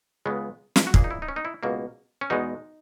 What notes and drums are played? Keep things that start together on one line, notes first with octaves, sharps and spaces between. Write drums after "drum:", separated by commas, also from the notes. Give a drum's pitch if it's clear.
C#2 C#3 G#3 B3
drum: snare
F#4
A#1 A#2 A#3 G#4, drum: kick
D#4
E4
D#4
C#4
D#4
E4
C#2 B2 A#3
C#4
E2 B2 G#3 D#4